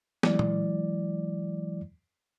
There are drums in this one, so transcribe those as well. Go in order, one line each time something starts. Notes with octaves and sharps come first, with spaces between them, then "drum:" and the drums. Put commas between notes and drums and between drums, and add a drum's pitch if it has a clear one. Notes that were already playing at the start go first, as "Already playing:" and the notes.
E3 F#3 G#3 E4 D5, drum: snare
drum: tom A#2